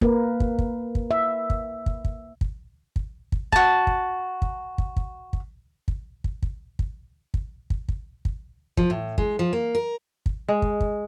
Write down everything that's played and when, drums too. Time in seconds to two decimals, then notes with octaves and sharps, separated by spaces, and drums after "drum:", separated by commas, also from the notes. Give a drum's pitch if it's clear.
0.02 A#3 A#4 B4, drum: kick
0.40 drum: kick
0.59 drum: kick
0.95 drum: kick
1.11 E5
1.50 drum: kick
1.86 drum: kick
2.05 drum: kick
2.41 drum: kick
2.96 drum: kick
3.32 drum: kick
3.52 F#4 A5, drum: kick
3.87 drum: kick
4.42 drum: kick
4.78 drum: kick
4.97 drum: kick
5.33 drum: kick
5.88 drum: kick
6.24 drum: kick
6.42 drum: kick
6.79 drum: kick
7.34 drum: kick
7.70 drum: kick
7.88 drum: kick
8.25 drum: kick
8.77 F3, drum: kick
8.90 A2
9.18 G#3, drum: kick
9.39 F3
9.53 A#3
9.75 A#4
10.26 drum: kick
10.48 G#3
10.62 drum: kick
10.80 drum: kick